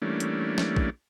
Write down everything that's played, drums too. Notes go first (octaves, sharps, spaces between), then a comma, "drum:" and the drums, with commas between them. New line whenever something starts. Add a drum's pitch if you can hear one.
E3 G3 A3 A#3 C#4 D4
drum: hi-hat
drum: snare
drum: kick A#1